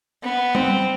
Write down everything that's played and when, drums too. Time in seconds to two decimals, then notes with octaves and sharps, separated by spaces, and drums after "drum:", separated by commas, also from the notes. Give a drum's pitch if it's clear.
0.23 B3
0.55 C4, drum: tom G3